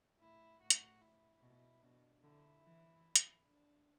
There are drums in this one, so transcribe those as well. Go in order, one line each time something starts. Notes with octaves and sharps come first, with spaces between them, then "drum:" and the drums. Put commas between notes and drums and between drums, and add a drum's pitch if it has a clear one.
A2 E4
A2 F#4
drum: hi-hat
E4
B2
B2 D4
D3 E4
E3
drum: hi-hat
D4